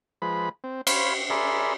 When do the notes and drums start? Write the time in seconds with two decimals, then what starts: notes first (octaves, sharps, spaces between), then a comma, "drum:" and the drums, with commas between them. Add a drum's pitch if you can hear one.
0.22 F3 G#3 B4 B5
0.64 C4
0.87 C5 C#5 F5 B5, drum: cymbal
1.30 G#4 A#4 D5 E5 B5 C6